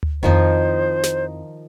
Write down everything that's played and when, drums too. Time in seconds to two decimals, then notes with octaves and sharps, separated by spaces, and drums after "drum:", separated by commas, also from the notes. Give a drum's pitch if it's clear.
0.03 drum: tom D2
0.23 F2 D#3 F3 D#4 E4 C5
1.03 drum: snare